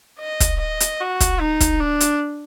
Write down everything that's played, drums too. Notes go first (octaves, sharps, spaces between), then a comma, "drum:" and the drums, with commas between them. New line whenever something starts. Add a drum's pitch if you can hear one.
D#5
drum: kick, hi-hat
D#5
drum: hi-hat
F#4
drum: kick, hi-hat
D#4
drum: kick, hi-hat
D4
drum: hi-hat